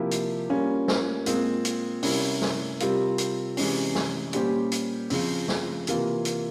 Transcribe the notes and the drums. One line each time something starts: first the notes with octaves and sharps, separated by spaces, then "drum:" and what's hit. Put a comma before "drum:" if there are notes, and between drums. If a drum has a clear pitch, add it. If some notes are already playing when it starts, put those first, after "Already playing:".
Already playing: C3 F3 A#3 E4 G4
drum: hi-hat
G3 A#3 C#4 F4
drum: snare
A#2 G#3 C4 F4 A#4, drum: hi-hat
drum: hi-hat
C3 G3 C#4 E4 A#4, drum: open hi-hat
drum: snare
C3 G3 C4 F4 A#4, drum: hi-hat
drum: hi-hat
C3 E3 G#3 C#4, drum: open hi-hat
drum: snare
A#2 G3 C#4 G4 C5, drum: hi-hat
drum: hi-hat
C#3 F3 C4, drum: open hi-hat
drum: snare
C3 E3 A#3 F4, drum: hi-hat
drum: hi-hat